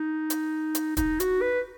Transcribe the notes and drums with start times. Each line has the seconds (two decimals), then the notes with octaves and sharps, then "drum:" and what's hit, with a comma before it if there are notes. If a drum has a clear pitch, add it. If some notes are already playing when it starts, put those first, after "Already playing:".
Already playing: D#4
0.30 drum: hi-hat
0.75 drum: hi-hat
0.97 D#4, drum: kick, hi-hat
1.20 F#4, drum: hi-hat
1.41 B4